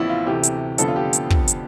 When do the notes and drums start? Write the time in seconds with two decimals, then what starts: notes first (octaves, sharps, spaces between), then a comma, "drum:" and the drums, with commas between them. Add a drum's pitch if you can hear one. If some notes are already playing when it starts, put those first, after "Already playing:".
Already playing: A1 A2 F3 B3 E4 D5
0.09 F4
0.26 D2 C3 E3 A3 G4
0.44 drum: hi-hat
0.78 F1 F2 D3 F3 B3 A4, drum: hi-hat
0.88 F4
0.96 G4
1.13 drum: hi-hat
1.30 drum: kick
1.48 drum: hi-hat